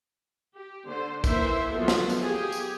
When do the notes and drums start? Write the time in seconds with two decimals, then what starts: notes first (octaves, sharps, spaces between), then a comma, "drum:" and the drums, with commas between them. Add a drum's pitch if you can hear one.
0.55 G4
0.86 D3 C5
1.24 E3 A#3 C5 E5, drum: kick, tambourine
1.71 F3 F#3 B3 F4 A4
1.88 drum: snare
2.09 drum: tambourine
2.25 G4 G#4
2.52 drum: tambourine